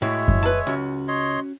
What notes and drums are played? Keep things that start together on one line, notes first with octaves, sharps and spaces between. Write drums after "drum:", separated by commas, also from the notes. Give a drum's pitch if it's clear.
A2 G#3 E4 F#4 C#5 E5
drum: kick F#2
B4 A5
C#2 C#4 F#4
C#5 D#5 C6